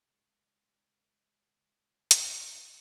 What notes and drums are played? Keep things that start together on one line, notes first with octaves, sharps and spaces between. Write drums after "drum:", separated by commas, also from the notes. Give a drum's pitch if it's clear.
C#3 G#3
drum: hi-hat